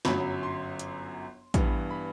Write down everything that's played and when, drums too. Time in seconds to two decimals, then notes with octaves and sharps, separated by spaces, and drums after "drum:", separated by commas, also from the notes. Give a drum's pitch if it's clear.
0.05 G1 F#2 F#3 B5, drum: snare
0.43 C6
0.79 drum: hi-hat
1.54 G2 E3 G3 B3, drum: kick, hi-hat
1.91 B5